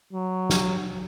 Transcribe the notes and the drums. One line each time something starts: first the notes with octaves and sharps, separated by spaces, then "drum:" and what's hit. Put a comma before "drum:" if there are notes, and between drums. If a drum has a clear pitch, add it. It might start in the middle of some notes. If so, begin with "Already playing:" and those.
F#3
drum: snare